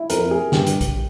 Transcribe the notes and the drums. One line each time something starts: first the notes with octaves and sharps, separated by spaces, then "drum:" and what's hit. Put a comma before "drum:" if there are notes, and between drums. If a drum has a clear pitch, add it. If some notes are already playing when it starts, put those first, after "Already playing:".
Already playing: E4
F2 A#4, drum: hi-hat
G#4
G2 G4, drum: snare
drum: hi-hat
drum: kick A#1, hi-hat